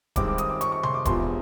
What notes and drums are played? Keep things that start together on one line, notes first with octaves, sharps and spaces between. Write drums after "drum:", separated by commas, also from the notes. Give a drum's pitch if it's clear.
G2 D#3 G#3 C4 D6, drum: kick D#1, hi-hat
D6
D#6, drum: hi-hat
D6
C#6, drum: hi-hat
C#6
C6, drum: tom C3
D6
E1 E2 C3 F3 C6, drum: kick D#1, hi-hat